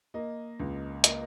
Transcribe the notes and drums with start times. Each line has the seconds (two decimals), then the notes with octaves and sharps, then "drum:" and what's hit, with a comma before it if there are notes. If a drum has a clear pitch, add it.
0.14 A#3 D#5
0.60 C#2
1.04 A#3 D#5, drum: hi-hat